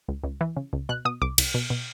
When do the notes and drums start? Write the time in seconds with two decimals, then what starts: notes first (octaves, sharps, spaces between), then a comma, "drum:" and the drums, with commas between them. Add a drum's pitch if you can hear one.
0.08 C#2
0.24 C#2
0.41 E3
0.56 C#3
0.73 C#2
0.89 B2 F#6
1.05 B2 D#6
1.22 C2 D6
1.38 C2, drum: cymbal
1.54 B2
1.70 B2